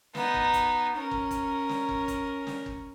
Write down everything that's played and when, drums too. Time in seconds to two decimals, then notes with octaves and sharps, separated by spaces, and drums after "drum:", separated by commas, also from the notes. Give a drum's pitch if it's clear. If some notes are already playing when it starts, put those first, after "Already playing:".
0.15 B3 D#4, drum: snare
0.34 drum: kick
0.53 drum: kick, hi-hat
0.97 C#4 A#4
1.11 drum: kick
1.31 drum: kick, hi-hat
1.69 drum: snare
1.89 drum: kick
2.08 drum: kick, hi-hat
2.47 drum: snare
2.66 drum: kick